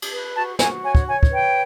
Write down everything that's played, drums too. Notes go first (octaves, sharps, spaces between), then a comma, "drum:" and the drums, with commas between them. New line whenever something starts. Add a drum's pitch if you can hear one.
drum: cymbal
B4
F#4 A5
F#4 G#5, drum: snare
C#5 G#5
drum: kick
C#5 G#5
drum: kick
B4 G5